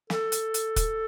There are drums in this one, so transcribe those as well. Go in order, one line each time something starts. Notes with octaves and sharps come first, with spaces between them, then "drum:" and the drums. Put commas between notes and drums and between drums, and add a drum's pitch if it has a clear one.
A4, drum: snare
drum: hi-hat
drum: hi-hat
drum: kick, hi-hat